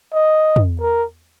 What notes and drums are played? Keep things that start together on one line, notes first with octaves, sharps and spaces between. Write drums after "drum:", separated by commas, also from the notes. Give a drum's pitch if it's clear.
D#5
drum: tom
A#4